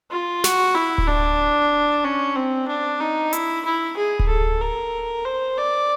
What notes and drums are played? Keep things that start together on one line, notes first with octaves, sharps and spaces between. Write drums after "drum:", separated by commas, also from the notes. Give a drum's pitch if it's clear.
F4
F#4, drum: snare
E4
drum: kick D1
D4
C#4
C4
D4
D#4
E4, drum: hi-hat
E4
G#4
drum: kick D1
A4
A#4
C5
D5